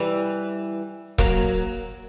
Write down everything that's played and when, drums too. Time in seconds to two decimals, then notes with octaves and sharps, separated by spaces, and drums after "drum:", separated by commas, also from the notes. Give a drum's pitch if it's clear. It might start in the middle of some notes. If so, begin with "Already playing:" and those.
Already playing: E3 G3
1.18 F#3 A#3, drum: kick E1